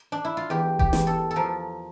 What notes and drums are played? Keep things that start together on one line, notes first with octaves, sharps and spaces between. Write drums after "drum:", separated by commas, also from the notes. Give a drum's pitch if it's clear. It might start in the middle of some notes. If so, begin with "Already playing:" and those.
Already playing: C4
D4
E4
F4
E2 G4
G4, drum: kick F1
E2, drum: snare
A4
A4
F3 A#4